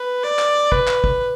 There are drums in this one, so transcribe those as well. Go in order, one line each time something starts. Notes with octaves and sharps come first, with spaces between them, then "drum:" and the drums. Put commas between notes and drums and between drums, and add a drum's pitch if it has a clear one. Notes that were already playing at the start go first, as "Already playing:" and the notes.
Already playing: B4
D5
drum: clap
B4, drum: kick
drum: clap
drum: kick